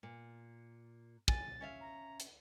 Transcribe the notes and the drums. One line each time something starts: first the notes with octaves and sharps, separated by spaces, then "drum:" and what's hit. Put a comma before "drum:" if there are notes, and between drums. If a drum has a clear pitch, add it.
A#2
G#5 A6, drum: kick
C#4 E5 F5
A#5
drum: hi-hat